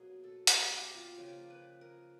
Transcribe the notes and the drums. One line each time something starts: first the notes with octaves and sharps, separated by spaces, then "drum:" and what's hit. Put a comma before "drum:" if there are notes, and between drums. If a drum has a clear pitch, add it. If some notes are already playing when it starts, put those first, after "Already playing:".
Already playing: B2 F#3 A#3 G#4
A4
G#4, drum: hi-hat
G4
F4
C#3 F3 A#3 G4
B4
A#4